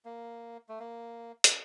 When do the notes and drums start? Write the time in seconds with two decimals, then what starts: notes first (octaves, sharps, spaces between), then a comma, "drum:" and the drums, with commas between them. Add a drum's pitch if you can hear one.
0.05 A#3
0.69 A3
0.80 A#3
1.44 drum: hi-hat